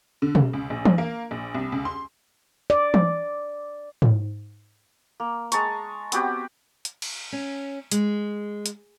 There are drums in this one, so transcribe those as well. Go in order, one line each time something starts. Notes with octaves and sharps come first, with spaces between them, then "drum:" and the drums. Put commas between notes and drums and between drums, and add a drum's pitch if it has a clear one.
D3
C#3, drum: tom B2
C#2
A#1
drum: tom E3
A#3
A#1
C2
C#2
C6
D5
drum: tom E3
drum: tom G#2
A#3
G#3 A5 A#5 C#6, drum: hi-hat
B3 C4 F#4 G4, drum: hi-hat
drum: hi-hat
drum: cymbal
C#4
G#3, drum: hi-hat
drum: hi-hat